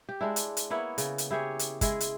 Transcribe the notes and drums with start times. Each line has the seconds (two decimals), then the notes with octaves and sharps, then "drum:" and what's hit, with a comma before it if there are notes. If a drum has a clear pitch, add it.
0.09 G4
0.21 G#3 D4 E4
0.36 drum: hi-hat
0.57 drum: hi-hat
0.70 A#3 B3 E4 C#5
0.98 C#3, drum: hi-hat
1.18 drum: hi-hat
1.31 E4 G4 G#4 C#5
1.59 drum: hi-hat
1.81 G#3 E4 G#4, drum: kick, hi-hat
2.00 drum: hi-hat